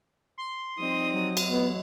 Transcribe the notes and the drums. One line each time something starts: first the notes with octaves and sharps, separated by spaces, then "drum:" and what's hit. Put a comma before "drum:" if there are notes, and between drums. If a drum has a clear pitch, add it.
C6
F3 G3 C4 D#4 D#5 D#6
F#3
drum: cymbal
A1 E2 B3 D#5